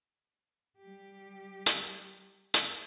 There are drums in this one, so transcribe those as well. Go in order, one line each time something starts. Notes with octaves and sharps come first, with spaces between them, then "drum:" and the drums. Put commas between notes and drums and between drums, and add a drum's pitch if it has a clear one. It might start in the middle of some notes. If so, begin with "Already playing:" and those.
G3 G4
drum: hi-hat
drum: hi-hat